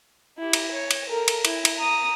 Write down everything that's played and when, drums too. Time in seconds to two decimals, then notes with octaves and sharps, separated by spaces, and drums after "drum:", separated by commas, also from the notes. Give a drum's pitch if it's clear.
0.38 E4 G4
0.53 drum: cymbal
0.72 C#5
0.91 drum: cymbal
1.09 A4 A#4
1.28 drum: cymbal
1.45 E4, drum: cymbal
1.65 drum: cymbal
1.79 A#5 D#6